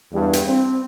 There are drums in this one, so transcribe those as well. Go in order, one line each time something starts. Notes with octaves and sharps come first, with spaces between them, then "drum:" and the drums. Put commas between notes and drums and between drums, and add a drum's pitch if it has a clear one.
E2 G2
drum: hi-hat
C4